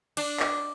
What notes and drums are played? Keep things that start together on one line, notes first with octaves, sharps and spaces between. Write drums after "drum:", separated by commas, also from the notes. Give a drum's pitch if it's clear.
D4, drum: cymbal
drum: clap